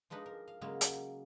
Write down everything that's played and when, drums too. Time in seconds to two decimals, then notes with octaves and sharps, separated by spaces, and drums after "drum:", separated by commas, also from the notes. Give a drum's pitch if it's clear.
0.10 F3 G#3 D4 D#4 B4
0.26 A#4
0.48 F5
0.61 C#3 F#3 G#3 A#3
0.81 drum: hi-hat